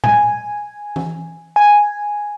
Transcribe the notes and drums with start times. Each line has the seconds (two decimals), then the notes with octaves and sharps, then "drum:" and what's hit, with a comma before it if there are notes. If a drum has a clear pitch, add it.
0.04 G#5, drum: tom A2
0.96 drum: tom E3
1.56 G#5